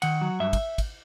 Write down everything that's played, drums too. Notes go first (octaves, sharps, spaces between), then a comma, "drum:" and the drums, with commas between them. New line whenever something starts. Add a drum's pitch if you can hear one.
D#3 F#5, drum: cymbal
F#3
G2 E5
drum: kick, cymbal
drum: kick, cymbal